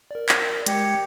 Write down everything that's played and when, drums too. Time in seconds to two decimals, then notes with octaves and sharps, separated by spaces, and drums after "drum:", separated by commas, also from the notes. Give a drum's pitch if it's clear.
0.11 A#4 D5
0.29 drum: clap
0.66 G#3 G4 G#6 C#7, drum: hi-hat